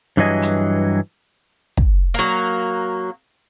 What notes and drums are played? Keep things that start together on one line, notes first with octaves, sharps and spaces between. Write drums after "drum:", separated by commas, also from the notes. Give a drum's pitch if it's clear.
G2 E3 F#3 G#4 D#5
drum: hi-hat
drum: kick
F#3 A#3